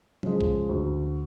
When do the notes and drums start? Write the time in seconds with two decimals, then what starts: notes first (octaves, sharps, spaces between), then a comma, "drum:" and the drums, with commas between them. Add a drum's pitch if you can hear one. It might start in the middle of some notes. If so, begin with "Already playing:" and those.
0.23 C#3 F3 G#3, drum: tom F#3
0.41 drum: kick A#1
0.69 D2